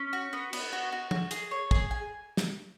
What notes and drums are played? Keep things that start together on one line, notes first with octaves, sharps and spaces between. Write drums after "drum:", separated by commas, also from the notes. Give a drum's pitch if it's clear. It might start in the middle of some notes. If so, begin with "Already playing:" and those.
Already playing: C#4
F#4
B3
B3, drum: cymbal
F#4
F#4
F#4, drum: tom
G#4, drum: hi-hat
C#5
G#4, drum: kick
G#5
drum: snare